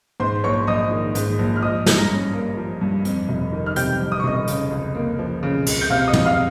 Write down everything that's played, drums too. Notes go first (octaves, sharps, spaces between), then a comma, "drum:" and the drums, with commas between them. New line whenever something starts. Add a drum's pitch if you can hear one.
G#2 C5 C6
A#1 C#5 C#6
A#1 D#5 D#6
D#3
G#2, drum: hi-hat
A#1
F6
F3 D#5 D#6
G2, drum: snare
A#5 A#6
C#4
A#3
F3
G2
F2, drum: hi-hat
F1
D#3
F6
C3 G5 G6, drum: hi-hat
F2
D#6
C#6
F1 D#5 D#6
C#3, drum: hi-hat
C#2
A#3
F3
C#3
C#2, drum: cymbal
G6
C3 F5 F6
D#5 D#6
F2, drum: tom
F5 F6